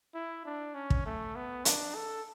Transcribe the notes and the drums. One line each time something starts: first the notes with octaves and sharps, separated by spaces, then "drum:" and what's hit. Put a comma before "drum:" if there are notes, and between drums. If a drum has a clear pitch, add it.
E4
D4
C#4
drum: kick
A3
B3
D4, drum: hi-hat
A4